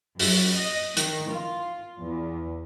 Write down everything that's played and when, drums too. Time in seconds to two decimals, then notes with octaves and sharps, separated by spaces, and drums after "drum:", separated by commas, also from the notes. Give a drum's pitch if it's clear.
0.19 F#2, drum: open hi-hat
0.54 D#5
0.97 D#3, drum: hi-hat
1.31 F4
2.00 E2